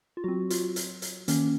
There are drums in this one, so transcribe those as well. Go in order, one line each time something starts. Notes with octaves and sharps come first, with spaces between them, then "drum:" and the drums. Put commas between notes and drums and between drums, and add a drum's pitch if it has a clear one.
F4
F#3 C4 F#4
F4, drum: hi-hat
drum: hi-hat
drum: hi-hat
D#3 A#3 C#4, drum: hi-hat